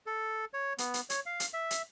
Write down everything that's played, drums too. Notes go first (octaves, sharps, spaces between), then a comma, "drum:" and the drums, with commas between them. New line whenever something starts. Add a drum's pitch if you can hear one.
A4
C#5
B3, drum: hi-hat
drum: hi-hat
C#5, drum: hi-hat
F5
drum: hi-hat
E5
drum: hi-hat